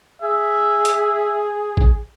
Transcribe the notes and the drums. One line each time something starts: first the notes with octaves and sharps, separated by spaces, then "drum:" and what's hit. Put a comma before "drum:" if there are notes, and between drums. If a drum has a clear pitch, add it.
G#4 E5
drum: hi-hat
drum: kick